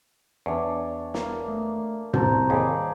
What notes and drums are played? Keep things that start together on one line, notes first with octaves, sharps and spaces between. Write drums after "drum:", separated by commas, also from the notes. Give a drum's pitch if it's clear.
E2 D4 C#5
A#3 F5, drum: snare
A3
C2 C5 A5 A#5, drum: tom
D#2 G#4 B4 D5